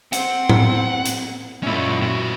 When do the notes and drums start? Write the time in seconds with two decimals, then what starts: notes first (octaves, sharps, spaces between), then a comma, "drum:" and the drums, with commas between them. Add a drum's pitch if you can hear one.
0.13 C4 F#5, drum: hi-hat
0.49 drum: tom A2
1.06 drum: hi-hat
1.63 F#2 A#2 C#4 E4 F4
2.02 A2 F#4